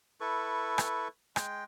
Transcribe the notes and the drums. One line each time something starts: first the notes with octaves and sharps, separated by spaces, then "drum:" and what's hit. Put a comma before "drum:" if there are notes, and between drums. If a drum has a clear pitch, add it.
E4 A4 B4 C#6
drum: rim click
G#3 G5, drum: rim click